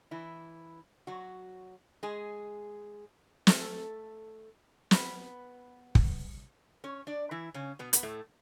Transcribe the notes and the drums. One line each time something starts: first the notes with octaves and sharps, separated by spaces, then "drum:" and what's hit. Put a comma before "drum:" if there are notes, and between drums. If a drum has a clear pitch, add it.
E3 E4
F#3 F#4
G#3 G#4
A3 A4, drum: snare
B3 B4, drum: snare
drum: kick
C#4 C#5
D4 D5
E3 E4
C#3 C#4
B2 B3
B3, drum: hi-hat
A2 A3